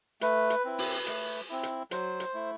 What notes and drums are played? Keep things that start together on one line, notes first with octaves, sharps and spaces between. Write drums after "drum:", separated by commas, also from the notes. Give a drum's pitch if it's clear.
A3 B4, drum: hi-hat
drum: hi-hat
C4 E4
drum: open hi-hat
A3, drum: hi-hat
C4 E4
drum: hi-hat
F#3 C5, drum: hi-hat
drum: hi-hat
A3 E4